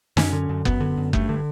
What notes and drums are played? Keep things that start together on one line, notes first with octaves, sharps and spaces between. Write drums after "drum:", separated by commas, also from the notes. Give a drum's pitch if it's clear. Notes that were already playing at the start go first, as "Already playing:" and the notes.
F#2 C#4, drum: snare
D3
F#2
F#2 B3, drum: kick F#1
D3
F#2
G2 A3, drum: kick F#1
D3